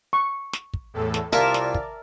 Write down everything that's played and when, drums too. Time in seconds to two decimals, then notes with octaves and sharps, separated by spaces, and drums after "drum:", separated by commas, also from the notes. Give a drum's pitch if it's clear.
0.13 C#6
0.53 drum: snare
0.74 drum: kick
0.93 E2 A2 A4
1.14 drum: snare
1.32 C2 F4 A#4 D5 E5 A5
1.54 drum: snare
1.74 drum: kick